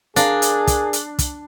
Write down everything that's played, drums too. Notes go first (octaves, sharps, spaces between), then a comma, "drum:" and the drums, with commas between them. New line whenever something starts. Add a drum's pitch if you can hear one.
D4 G#4 A#4 F5, drum: hi-hat
drum: hi-hat
drum: kick, hi-hat
drum: hi-hat
drum: kick, hi-hat